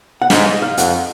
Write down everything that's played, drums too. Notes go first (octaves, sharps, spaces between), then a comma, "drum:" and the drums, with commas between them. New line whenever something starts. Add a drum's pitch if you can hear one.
F#5
G#2 F5, drum: snare
D#5
F5
F2 F#5, drum: hi-hat